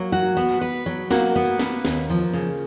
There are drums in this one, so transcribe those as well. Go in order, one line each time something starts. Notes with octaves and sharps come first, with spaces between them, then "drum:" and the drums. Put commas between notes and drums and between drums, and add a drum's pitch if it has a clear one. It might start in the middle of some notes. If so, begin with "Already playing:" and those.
Already playing: F#3 A#3
F#4
B3
B4
F#3
A#3 F#4, drum: snare
B3
B4, drum: snare
D#2, drum: snare
F3
C#3